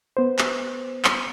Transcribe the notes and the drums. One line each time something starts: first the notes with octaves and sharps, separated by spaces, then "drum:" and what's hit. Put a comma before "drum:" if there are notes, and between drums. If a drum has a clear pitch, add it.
B3 C5
drum: clap
drum: clap